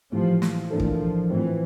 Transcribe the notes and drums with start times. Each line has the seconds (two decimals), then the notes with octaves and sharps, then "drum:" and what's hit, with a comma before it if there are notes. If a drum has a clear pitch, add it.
0.12 A2 E3 F3 G3
0.42 F3, drum: snare
0.70 A2 E3 A#3 D4 A4
0.80 drum: kick
1.30 A2 E3 F3 C4